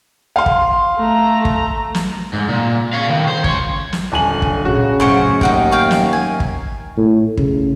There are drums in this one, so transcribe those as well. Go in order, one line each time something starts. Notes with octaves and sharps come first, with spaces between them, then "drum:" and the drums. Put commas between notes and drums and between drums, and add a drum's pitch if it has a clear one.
F5 C6
drum: kick
A3 A#5
drum: kick
drum: snare
G#2
A#2
C#5 F5
A2 D#3
C5
C#2 C#5, drum: kick
drum: snare
D#1 D3 G#5 F#7
drum: kick
A#2 C#3 A3 F#4
F#2 A2 A3 C5 C#5 F#5 D7
D#2 D#4 F#5 G5, drum: kick
C#5 F5 G5
drum: snare
G#5
drum: kick
A2
C#3, drum: kick